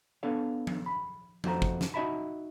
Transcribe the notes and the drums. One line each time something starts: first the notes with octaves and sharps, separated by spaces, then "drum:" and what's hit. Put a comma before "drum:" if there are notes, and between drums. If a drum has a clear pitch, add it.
B3 D4 A4 C#5 F5
drum: tom F3
B5
F2 A3 F#4 C5 A#5, drum: tom F3
drum: kick
drum: snare
D#4 F#4 D#5 E5 A5 B5